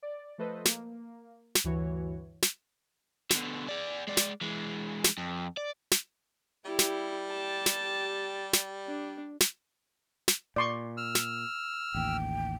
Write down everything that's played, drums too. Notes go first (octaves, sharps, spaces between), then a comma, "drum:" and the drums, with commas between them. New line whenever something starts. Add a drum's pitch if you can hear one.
D5
F3 A3 A4 B4 C5 D#5
A#3, drum: snare
drum: snare
D2 G2 E3 F#4 C#5
drum: snare
B2 D3, drum: snare
G#4 D5
G#3 D5
drum: snare
E3 G#3
drum: snare
F2
D5
drum: snare
G3 E4 G4
drum: snare
G4 A5
drum: snare
drum: snare
D4
drum: snare
drum: snare
A#2 D5 C6 C#6
E6 F6
drum: snare
A1 D#2 G5